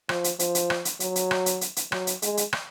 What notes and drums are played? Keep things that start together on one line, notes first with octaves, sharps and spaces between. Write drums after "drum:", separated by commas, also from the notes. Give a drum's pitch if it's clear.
F3, drum: rim click
drum: hi-hat
F3, drum: hi-hat
drum: hi-hat
drum: rim click
drum: hi-hat
F#3, drum: hi-hat
drum: hi-hat
drum: rim click
drum: hi-hat
drum: hi-hat
drum: hi-hat
F#3, drum: rim click
drum: hi-hat
G#3, drum: hi-hat
drum: hi-hat
drum: rim click